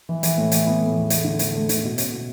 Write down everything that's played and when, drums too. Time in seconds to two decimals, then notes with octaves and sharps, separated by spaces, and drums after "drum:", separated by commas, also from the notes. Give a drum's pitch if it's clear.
0.09 E3
0.23 E3, drum: hi-hat
0.38 A2
0.52 E3, drum: hi-hat
0.67 B3
0.81 A2
0.96 E2
1.10 A3, drum: hi-hat
1.24 D3
1.39 E2, drum: hi-hat
1.54 A3
1.69 D3, drum: hi-hat
1.84 B2
1.98 C#4, drum: hi-hat
2.12 B2